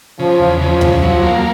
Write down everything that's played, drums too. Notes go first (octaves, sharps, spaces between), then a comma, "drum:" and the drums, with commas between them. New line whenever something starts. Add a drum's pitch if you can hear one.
C#3 F3
E2
C#3 F3
E2, drum: tom D2
F3 F#3
A#3